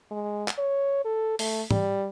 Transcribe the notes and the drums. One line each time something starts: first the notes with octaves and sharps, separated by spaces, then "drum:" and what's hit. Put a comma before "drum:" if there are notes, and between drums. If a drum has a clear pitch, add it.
G#3
drum: clap
C#5
A4
A3, drum: open hi-hat
G3, drum: tom